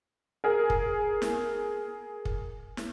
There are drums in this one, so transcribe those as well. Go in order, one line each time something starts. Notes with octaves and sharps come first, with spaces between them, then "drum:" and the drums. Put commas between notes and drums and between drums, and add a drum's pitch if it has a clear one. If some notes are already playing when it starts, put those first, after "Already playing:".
G#4 A#4
drum: kick
drum: snare
drum: kick
drum: snare